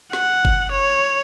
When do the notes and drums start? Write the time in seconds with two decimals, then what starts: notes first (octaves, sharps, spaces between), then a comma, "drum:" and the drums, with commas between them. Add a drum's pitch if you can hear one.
0.13 F#5, drum: snare
0.45 drum: kick F#1
0.72 C#5